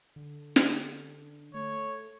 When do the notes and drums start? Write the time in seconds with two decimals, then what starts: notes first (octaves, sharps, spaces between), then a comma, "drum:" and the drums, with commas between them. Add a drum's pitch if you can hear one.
0.16 D3
0.56 drum: snare
1.54 A3 C#5